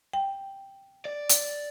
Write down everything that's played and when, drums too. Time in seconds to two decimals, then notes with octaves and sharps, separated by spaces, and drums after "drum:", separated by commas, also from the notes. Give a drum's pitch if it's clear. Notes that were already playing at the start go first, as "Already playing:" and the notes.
0.13 G5
1.05 D5
1.29 drum: hi-hat